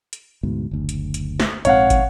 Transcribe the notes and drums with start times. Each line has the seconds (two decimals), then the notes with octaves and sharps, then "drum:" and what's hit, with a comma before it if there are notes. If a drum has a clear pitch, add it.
0.13 drum: hi-hat
0.43 D2 G#2 B2
0.71 F#1 D2
0.89 drum: hi-hat
1.14 drum: hi-hat
1.40 drum: snare
1.65 A#1 G#2 C4 C#5 F5 F#5, drum: hi-hat
1.90 drum: kick, hi-hat